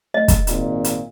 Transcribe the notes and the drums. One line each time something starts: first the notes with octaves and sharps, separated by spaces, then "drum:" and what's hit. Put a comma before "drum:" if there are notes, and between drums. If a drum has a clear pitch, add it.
A3 D#5
drum: kick, hi-hat
G#1 A#2, drum: hi-hat
drum: hi-hat